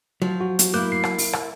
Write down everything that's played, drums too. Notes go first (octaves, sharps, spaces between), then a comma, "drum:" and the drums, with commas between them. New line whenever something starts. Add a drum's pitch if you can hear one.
F3 F#3
F#4
drum: hi-hat
A#3 E4 D6 F#6 G6
C7
drum: rim click
drum: open hi-hat
drum: rim click